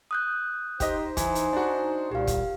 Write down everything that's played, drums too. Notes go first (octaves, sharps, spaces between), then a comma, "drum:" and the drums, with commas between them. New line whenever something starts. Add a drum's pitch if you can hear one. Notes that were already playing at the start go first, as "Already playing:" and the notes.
D#6 F#6 G6
D#4 G4 C5 D#5, drum: kick, hi-hat
E3 G#5, drum: kick, hi-hat
drum: hi-hat
D4 F#4
C2 A#2 G4 F5
drum: kick, hi-hat